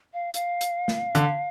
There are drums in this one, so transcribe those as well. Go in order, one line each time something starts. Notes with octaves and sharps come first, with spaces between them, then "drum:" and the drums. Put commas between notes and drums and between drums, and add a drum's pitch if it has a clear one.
F5
F5, drum: hi-hat
drum: hi-hat
drum: snare
D3, drum: hi-hat